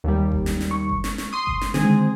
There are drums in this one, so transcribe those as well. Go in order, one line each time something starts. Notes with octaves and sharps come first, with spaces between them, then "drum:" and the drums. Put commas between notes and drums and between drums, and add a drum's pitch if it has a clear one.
D#2 G3
drum: kick G1
drum: snare
drum: snare
C#6
drum: kick G1
drum: snare
drum: snare
C6 D#6
drum: kick G1
drum: snare
D3 D#3 G#3 C4 G#4, drum: snare